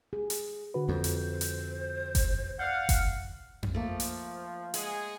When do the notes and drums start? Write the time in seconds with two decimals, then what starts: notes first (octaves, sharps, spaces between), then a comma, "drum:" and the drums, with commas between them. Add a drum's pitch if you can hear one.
0.13 G#4
0.30 drum: hi-hat
0.74 D3 F#4 B4
0.89 F2 C5
1.04 drum: hi-hat
1.41 drum: hi-hat
2.15 drum: kick F#1, hi-hat
2.59 D5 F5 F#5 F6 G6
2.89 drum: kick F#1, hi-hat
3.63 drum: tom F2
3.75 F3 A3 A#3
4.00 drum: hi-hat
4.74 G#3 G#4 F#5, drum: hi-hat